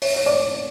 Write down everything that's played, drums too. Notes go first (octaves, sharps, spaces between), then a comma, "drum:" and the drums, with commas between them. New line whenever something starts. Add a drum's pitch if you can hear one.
C#5, drum: open hi-hat
C#5
D5
C#5